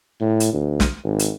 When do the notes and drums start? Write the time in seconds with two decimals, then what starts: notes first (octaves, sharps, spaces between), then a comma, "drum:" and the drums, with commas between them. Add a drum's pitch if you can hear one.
0.20 A2
0.40 drum: hi-hat
0.53 D2
0.80 drum: snare
1.04 G#1
1.19 drum: hi-hat